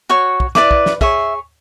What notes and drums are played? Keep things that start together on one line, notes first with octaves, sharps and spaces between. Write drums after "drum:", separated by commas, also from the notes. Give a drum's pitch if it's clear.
F#4 C#5 C#6
drum: kick
E4 B4 D5 D6, drum: snare
drum: kick
drum: snare
G#4 C#5 E5, drum: kick